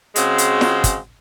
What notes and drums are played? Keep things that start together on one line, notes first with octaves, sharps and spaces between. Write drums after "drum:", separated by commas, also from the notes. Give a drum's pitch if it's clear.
C#3 G#3 C4 F#4, drum: hi-hat
drum: hi-hat
drum: snare
drum: kick, hi-hat